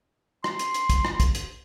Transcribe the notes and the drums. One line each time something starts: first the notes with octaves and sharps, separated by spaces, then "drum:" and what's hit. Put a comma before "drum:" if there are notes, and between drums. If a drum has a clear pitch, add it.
C6, drum: rim click
drum: hi-hat
drum: hi-hat
drum: kick, hi-hat
drum: rim click
drum: kick, hi-hat
drum: hi-hat